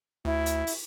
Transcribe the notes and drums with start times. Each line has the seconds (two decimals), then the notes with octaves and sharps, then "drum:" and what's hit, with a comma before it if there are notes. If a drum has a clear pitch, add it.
0.25 D2 E4
0.46 drum: hi-hat
0.67 drum: open hi-hat